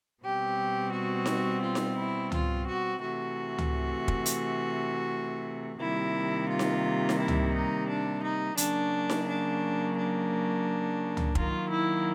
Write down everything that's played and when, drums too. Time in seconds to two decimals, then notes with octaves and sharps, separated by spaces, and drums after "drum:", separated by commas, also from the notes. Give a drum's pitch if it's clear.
0.23 B2 G3 C4 G4
0.93 F#4
1.26 drum: snare D#4
1.63 F4
1.75 drum: snare D#4
1.98 E4
2.32 F4, drum: tom C#2
2.67 F#4
3.02 C3 E3 A3 F#4
3.58 drum: tom C#2
4.08 drum: kick
4.26 drum: hi-hat
5.79 C3 D#3 G3 A#3 E4
6.49 F4
6.59 drum: snare D#4
7.09 drum: snare D#4
7.19 E4
7.28 drum: tom C#2
7.53 D#4
7.88 D4
8.23 D#4
8.57 C#3 F#3 A#3 D4, drum: hi-hat
9.10 drum: snare D#4
9.27 D4
9.96 D4
11.17 drum: tom C#2
11.35 D#3 F#3 A#3 F4, drum: kick
11.70 E4